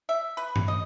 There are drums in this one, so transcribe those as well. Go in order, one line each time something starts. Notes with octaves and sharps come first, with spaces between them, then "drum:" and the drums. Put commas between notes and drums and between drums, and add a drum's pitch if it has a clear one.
E5
B4
drum: tom G2
D#5